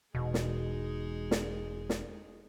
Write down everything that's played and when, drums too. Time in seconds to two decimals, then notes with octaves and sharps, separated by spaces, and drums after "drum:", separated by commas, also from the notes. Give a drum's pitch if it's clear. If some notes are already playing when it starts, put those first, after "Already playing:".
0.15 E1 B2 G#3 D#4 G#4
0.34 drum: snare
1.31 drum: snare
1.90 drum: snare